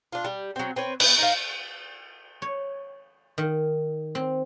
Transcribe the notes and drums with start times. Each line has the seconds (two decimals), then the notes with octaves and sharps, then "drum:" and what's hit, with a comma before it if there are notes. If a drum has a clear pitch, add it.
0.12 D4 F4
0.25 G3
0.56 F#3 C4
0.76 C4 B4 C#5
1.00 B3, drum: cymbal
1.18 D#4 F5
2.42 C#5
3.38 D#3
4.15 C4